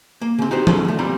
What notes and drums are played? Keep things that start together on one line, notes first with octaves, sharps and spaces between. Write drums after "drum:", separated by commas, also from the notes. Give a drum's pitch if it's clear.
A#3
C#3 C4
D#4 F#4 G4 C5
B2 C#4 D#4 F4 G#4 A4, drum: tom F3
D3 A3
B1 G3 C4 F4 A#5 B5